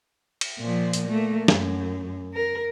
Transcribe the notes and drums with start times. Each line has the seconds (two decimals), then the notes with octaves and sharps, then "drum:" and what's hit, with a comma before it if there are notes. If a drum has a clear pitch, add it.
0.41 drum: cymbal
0.60 A#2 F3
0.93 drum: hi-hat
1.08 A3 A#3
1.48 F#2, drum: snare
2.33 A#4